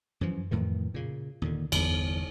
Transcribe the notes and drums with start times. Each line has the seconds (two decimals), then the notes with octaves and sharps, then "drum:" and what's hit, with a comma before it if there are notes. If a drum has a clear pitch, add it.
0.21 F#2 E3 F3
0.51 F2 A2 D#3 E3
0.94 A#2 C#3
1.42 D#2 A#2 D3
1.72 G1 E2 G3 B3, drum: cymbal